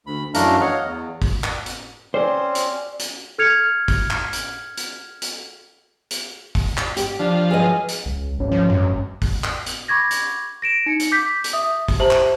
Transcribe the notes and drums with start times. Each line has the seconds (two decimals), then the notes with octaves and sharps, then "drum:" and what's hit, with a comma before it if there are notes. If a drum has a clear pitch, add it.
0.07 D2 B5
0.34 F#2 E3 A3 D4 F5 A#5, drum: hi-hat
0.61 C#5 D#5 F5 F#5
0.85 E2
1.22 drum: kick, open hi-hat
1.44 drum: clap
1.66 drum: hi-hat
2.14 C4 C#4 C5 D5
2.55 drum: hi-hat
2.99 drum: hi-hat
3.38 A4 F6 G#6 C#7 F7
3.88 drum: kick, open hi-hat
4.11 drum: clap
4.33 drum: hi-hat
4.77 drum: hi-hat
5.22 drum: hi-hat
6.11 drum: hi-hat
6.55 drum: kick, open hi-hat
6.77 drum: clap
6.97 G4, drum: hi-hat
7.19 F3 D4
7.51 F#3 G#4 B4 D#5
7.88 drum: hi-hat
8.06 C#2
8.39 G#1 C#4
8.51 F3
8.70 F#2
9.22 drum: kick, open hi-hat
9.44 drum: clap
9.66 drum: hi-hat
9.88 B5 C#6 D6 G#6 A#6
10.11 drum: hi-hat
10.62 A#6 D7 E7
10.86 D#4 C#7
11.00 drum: hi-hat
11.12 D6 G6 B6
11.44 drum: hi-hat
11.53 E5 D#6
11.88 drum: kick, open hi-hat
12.00 G4 C5 E5 A5 A#5 F#7
12.11 drum: clap